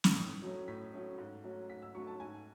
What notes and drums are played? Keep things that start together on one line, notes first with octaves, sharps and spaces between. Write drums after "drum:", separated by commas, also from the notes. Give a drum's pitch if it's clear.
drum: snare
A2 D#6
F#3 A3 C#4
A2 B6
F#3 A3 C#4
G#2
F#3 A3 C#4
G#2 B6
E6
F#3 A3 C#4 C#6
A5
G#2 G#5